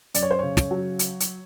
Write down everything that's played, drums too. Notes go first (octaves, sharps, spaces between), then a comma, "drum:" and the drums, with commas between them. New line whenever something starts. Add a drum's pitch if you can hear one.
F#2 D5, drum: hi-hat
C#5
C5
C#3 C#5
drum: snare
F#3
drum: hi-hat
drum: hi-hat